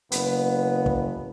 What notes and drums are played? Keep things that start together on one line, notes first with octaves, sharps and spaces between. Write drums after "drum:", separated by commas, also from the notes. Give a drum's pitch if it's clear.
F#1 B3, drum: hi-hat
drum: kick